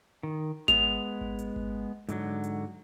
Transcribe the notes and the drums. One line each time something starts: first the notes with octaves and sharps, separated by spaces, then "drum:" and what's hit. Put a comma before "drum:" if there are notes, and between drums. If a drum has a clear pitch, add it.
D#3
G#3 B3 F7, drum: kick G#1, hi-hat
drum: kick G#1
drum: hi-hat
drum: kick G#1
G#2 D3 F#3, drum: hi-hat
drum: hi-hat